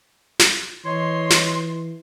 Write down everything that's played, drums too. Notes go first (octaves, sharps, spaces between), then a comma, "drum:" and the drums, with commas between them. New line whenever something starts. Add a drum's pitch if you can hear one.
drum: snare
E3 C#5 D#5 C6
drum: snare